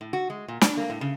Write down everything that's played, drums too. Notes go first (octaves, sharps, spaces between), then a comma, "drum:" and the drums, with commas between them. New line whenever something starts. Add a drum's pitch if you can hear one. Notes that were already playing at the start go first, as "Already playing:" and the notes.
A2
F#4
G#3
A#2
D4, drum: snare
A#3
A2
C#3